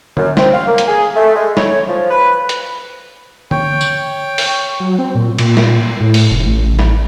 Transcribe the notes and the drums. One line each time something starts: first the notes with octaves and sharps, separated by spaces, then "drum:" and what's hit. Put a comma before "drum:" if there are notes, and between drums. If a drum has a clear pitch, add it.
F#2, drum: tom D3
C4, drum: snare
F5
A#3
drum: hi-hat
G#4
A3
G#3
C#5, drum: snare
F3
B4
drum: hi-hat
C#5 G5, drum: tom D3
drum: tambourine
drum: open hi-hat
F#3
C4
A#2
A#2, drum: cymbal
drum: snare
A2
drum: open hi-hat
F1
A1
drum: snare